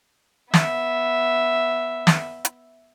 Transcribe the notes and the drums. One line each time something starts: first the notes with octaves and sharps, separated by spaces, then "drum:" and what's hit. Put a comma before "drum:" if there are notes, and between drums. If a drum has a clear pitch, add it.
B3 E5, drum: snare
drum: snare
drum: hi-hat